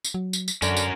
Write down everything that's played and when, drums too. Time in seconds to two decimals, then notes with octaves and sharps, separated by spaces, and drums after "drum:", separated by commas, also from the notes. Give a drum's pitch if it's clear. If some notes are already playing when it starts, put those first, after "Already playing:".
0.05 drum: tambourine
0.14 F#3
0.33 drum: tambourine
0.48 drum: tambourine
0.62 F#2 D3 C#4 F#4 A#4, drum: tambourine
0.77 drum: tambourine